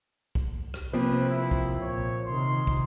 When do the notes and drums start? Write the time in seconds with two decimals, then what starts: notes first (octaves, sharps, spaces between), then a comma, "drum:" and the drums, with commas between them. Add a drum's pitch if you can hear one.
0.35 drum: kick
0.74 drum: rim click
0.93 C3 F3 A#3 C4 B4
1.30 E4
1.51 drum: kick
1.82 A#2 C#5
2.27 C3 D#3 C6
2.67 drum: kick